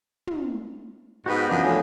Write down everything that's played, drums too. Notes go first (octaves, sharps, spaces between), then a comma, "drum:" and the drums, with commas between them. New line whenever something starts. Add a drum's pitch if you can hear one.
drum: tom
G#2 B3 D#4 F#4 G4 B4 D#5
F#2 E3 F3 D4 D6
D2 A4 C#5 G#5